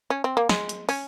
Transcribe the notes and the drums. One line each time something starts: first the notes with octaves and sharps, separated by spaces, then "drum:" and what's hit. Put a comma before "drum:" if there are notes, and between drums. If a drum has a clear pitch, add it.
C#4
C4
A#3
G#3, drum: snare
drum: hi-hat
C#4, drum: open hi-hat